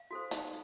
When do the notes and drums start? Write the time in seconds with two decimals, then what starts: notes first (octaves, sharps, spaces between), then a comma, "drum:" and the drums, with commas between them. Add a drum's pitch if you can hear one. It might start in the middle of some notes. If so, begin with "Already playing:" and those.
Already playing: F5
0.11 F#4 A4 C5
0.31 D#4, drum: hi-hat